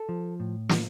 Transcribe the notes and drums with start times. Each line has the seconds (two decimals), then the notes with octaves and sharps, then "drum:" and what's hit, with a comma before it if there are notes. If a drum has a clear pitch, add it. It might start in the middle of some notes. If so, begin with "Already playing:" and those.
Already playing: A4
0.09 F3
0.40 A2
0.69 F3, drum: snare